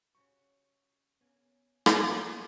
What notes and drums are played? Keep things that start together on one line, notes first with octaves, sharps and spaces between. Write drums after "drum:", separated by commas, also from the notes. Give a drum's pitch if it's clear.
C#3 F#4 G4 C#6
C#3 A#3 B3 G#5
drum: rim click